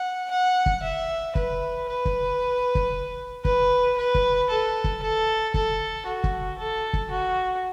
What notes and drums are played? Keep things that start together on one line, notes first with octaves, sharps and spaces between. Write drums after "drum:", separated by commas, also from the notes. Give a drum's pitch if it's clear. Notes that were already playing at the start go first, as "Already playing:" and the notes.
Already playing: F#5
F#5
drum: kick
E5
B4, drum: kick
B4
drum: kick
drum: kick
B4, drum: kick
B4
drum: kick
A4
drum: kick
A4
A4, drum: kick
F#4
drum: kick
A4
drum: kick
F#4